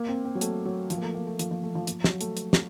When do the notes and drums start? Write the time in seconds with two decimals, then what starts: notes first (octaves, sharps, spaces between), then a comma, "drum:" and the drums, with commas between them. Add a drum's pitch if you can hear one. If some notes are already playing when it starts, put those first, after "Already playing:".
Already playing: A#3
0.09 C4
0.25 C4
0.35 F#3
0.41 A3, drum: hi-hat
0.65 F#3
0.90 F3, drum: hi-hat
0.97 A#3
1.02 A3
1.14 A#3
1.27 A3
1.39 F3, drum: hi-hat
1.51 F3
1.63 A3
1.75 F3
1.87 F3, drum: hi-hat
2.04 F#3, drum: snare
2.21 A3, drum: hi-hat
2.37 drum: hi-hat
2.53 drum: snare